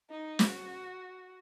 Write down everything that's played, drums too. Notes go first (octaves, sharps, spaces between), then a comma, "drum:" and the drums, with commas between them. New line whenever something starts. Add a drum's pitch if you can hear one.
D#4
F#4, drum: snare